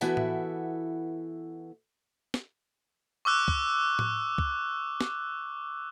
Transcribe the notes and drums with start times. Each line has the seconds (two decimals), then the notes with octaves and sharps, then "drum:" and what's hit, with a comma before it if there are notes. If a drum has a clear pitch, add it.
0.01 E3 B3 E4 F#4 A4 E5, drum: tambourine
0.17 drum: tom A2
2.34 drum: snare
3.25 C#6 D6 E6 F#6
3.48 drum: kick
3.99 drum: tom A2
4.38 drum: kick
5.01 drum: snare